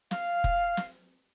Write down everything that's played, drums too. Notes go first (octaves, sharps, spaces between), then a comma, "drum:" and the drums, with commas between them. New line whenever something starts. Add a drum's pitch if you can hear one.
F5, drum: snare
drum: kick
drum: snare